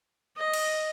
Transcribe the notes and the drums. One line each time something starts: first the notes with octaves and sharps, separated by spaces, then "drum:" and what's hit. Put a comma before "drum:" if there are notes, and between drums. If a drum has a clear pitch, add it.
D#5
drum: cymbal